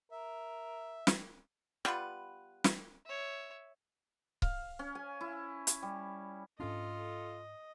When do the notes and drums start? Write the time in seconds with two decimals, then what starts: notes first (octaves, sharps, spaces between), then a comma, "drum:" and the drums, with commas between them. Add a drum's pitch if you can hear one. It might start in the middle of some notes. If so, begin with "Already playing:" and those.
0.11 A#4 E5
1.07 drum: snare
1.85 G3 B3 F4 B4, drum: rim click
2.64 drum: snare
3.05 C#5 E5
4.42 F5, drum: kick C#1
4.79 C#4
4.95 G#5
5.21 E4
5.67 drum: hi-hat
5.83 G3
6.60 G#2 C#4 D4 F4 A4 D#5